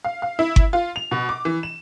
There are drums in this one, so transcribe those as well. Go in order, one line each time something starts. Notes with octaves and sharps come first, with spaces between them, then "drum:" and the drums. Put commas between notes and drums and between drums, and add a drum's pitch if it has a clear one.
F5
F5
E4
drum: kick G1
F4
F7
B2
D6
E3
E7